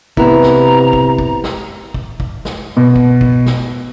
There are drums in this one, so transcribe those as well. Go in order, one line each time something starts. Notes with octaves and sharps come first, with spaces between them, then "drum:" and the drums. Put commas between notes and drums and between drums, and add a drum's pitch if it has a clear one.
C3 B3 E4 A#5, drum: kick
drum: snare
drum: kick
drum: kick
drum: snare
drum: kick
drum: kick
drum: snare
B2
drum: kick
drum: kick
drum: snare